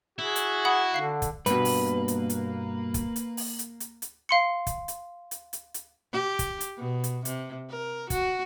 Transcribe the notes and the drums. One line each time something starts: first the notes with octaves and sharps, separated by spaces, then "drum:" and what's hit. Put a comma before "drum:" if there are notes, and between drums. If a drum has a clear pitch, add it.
E4 F#4 G#4
drum: hi-hat
F#5 B5 D#6
D3 F5 C7
drum: kick, hi-hat
G2 B2 A#3 B4, drum: hi-hat
drum: open hi-hat
drum: hi-hat
drum: hi-hat
drum: kick, hi-hat
drum: hi-hat
drum: open hi-hat
drum: hi-hat
drum: hi-hat
drum: hi-hat
F5 C6 C#7
drum: kick, hi-hat
drum: hi-hat
drum: hi-hat
drum: hi-hat
drum: hi-hat
G4
drum: kick, hi-hat
drum: hi-hat
B2
drum: hi-hat
C3, drum: hi-hat
A#4
F#4, drum: kick, hi-hat